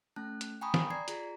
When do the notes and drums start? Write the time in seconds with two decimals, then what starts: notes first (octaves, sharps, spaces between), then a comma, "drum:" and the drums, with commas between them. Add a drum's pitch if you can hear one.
0.16 A3 C#4 A5 F#6
0.41 drum: hi-hat
0.61 G5 G#5 A#5 B5 C#6 D#6
0.74 drum: snare
0.90 D5 A#5 G#6 C7
1.08 F4 G#4 A#5, drum: hi-hat